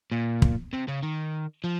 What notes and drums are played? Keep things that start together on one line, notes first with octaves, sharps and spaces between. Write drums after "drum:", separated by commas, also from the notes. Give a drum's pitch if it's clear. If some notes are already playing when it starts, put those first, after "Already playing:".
A#2
drum: kick
C3
C#3
D#3
F3